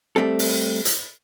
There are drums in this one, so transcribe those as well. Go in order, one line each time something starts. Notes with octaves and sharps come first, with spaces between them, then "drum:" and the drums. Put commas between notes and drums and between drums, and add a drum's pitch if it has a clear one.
G3 A3 C4 A4
drum: open hi-hat
drum: hi-hat